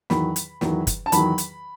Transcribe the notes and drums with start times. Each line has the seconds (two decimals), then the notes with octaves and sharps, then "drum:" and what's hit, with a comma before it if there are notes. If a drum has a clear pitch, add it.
0.10 E2 D#3 F#3 B5, drum: snare
0.36 drum: hi-hat
0.61 E2 D#3 F#3, drum: snare
0.87 drum: kick, hi-hat
1.06 A5
1.12 E2 D#3 F#3 B5, drum: hi-hat
1.38 drum: hi-hat